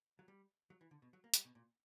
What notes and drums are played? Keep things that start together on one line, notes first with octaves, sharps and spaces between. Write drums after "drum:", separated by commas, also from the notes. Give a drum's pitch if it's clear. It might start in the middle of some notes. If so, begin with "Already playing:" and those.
F#3
G3
F#3
E3
D3
B2
F#3
A#3
G3, drum: hi-hat
B2
A#2